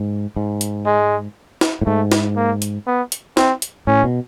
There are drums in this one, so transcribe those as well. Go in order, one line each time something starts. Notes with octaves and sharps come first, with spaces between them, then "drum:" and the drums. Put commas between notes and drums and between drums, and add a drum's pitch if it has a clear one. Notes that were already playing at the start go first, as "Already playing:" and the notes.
Already playing: G#2
G#2
drum: hi-hat
G#3
drum: snare
A2
G#2 A3
drum: snare
A#3
drum: hi-hat
B3
drum: hi-hat
C4, drum: snare
drum: hi-hat
A2 C#4
B2